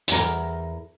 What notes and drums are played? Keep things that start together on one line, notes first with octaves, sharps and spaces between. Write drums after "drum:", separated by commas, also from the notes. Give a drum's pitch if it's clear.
E2 A#4, drum: hi-hat